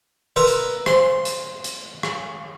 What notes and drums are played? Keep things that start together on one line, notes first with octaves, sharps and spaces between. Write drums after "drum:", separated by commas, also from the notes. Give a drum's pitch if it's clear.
A#4 B4 E5 C6
drum: hi-hat
C5 C6, drum: rim click
drum: hi-hat
drum: hi-hat
drum: rim click